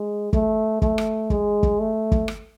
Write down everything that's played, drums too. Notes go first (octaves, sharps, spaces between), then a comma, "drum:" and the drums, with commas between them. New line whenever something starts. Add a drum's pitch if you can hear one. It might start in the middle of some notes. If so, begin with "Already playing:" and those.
Already playing: G#3
A3, drum: kick
A3, drum: kick
drum: rim click
G#3, drum: kick
drum: kick
A3
drum: kick
drum: rim click